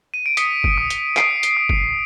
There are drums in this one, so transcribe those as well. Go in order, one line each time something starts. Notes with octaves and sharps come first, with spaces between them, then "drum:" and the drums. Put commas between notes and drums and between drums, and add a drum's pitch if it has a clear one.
D#7
D7
D#6 B6 C#7, drum: hi-hat
drum: kick
D#6
drum: hi-hat
D#6 C7 D7, drum: clap
drum: hi-hat
D#6
drum: kick